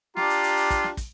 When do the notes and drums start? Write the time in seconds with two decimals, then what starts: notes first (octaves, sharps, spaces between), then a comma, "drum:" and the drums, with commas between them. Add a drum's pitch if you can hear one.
0.17 D4 F4 G4 A#5, drum: snare
0.30 drum: hi-hat
0.43 drum: hi-hat
0.57 drum: hi-hat
0.70 drum: kick, hi-hat
0.84 drum: snare
0.97 drum: kick, hi-hat